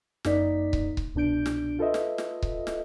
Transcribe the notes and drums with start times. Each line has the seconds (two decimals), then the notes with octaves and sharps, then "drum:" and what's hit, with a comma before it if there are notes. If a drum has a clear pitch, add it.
0.24 G1 F#2 A#3 D#4 D5 B6, drum: snare
0.73 drum: kick C#1
0.97 drum: kick C#1
1.15 C2 B2 D4 G6 D7
1.46 drum: snare
1.79 F4 A4 B4 D#5 E5
1.94 drum: snare
2.18 drum: snare
2.42 drum: kick C#1
2.67 drum: snare